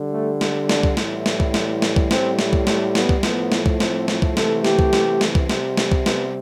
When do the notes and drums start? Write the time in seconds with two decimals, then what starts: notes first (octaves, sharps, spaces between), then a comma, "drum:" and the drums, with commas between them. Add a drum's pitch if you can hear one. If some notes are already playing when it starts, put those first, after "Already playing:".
Already playing: D3 G3
0.13 A3
0.41 drum: snare
0.69 D4, drum: snare
0.83 drum: kick C2
0.97 A2 E3 G3 E4, drum: snare
1.26 drum: snare
1.40 drum: kick C2
1.54 drum: snare
1.82 drum: snare
1.96 drum: kick C2
2.11 A2 G3 C4, drum: snare
2.39 A3, drum: snare
2.53 drum: kick C2
2.67 A3, drum: snare
2.95 B3, drum: snare
3.09 drum: kick C2
3.23 A2 F3 A3 B3, drum: snare
3.52 drum: snare
3.66 drum: kick C2
3.80 C4, drum: snare
4.08 drum: snare
4.22 drum: kick C2
4.37 C3 E3 A3 A4, drum: snare
4.65 G4, drum: snare
4.79 drum: kick C2
4.93 drum: snare
5.21 drum: snare
5.35 drum: kick C2
5.49 C3 G3, drum: snare
5.77 drum: snare
5.92 drum: kick C2
6.06 B3, drum: snare